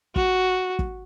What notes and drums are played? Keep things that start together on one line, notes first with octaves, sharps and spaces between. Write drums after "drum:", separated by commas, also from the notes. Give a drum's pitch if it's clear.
F#4, drum: kick
drum: kick